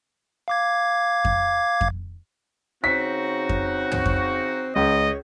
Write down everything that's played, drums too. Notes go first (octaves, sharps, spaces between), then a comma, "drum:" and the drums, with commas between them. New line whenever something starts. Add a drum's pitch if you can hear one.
F5 D6 G#6
drum: kick F2
drum: kick F2
C#3 C4 D#4 F#4 B6
drum: kick F2
drum: tom
drum: kick F2
C#2 C#5 D#5